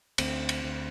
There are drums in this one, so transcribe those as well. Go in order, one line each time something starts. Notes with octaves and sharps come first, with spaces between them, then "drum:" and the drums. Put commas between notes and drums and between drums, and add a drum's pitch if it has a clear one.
D2 C4, drum: cymbal
drum: cymbal
D2